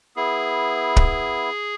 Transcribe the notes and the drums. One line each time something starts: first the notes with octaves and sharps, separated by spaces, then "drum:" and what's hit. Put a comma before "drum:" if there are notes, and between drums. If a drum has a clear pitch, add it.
B3 E4 G#4
drum: kick